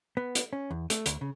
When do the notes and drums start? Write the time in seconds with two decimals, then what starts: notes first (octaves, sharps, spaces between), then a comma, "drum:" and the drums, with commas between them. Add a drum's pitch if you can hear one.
0.17 B3
0.35 drum: hi-hat
0.53 C#4
0.71 E2
0.90 A3, drum: hi-hat
1.06 D2, drum: hi-hat
1.21 C#3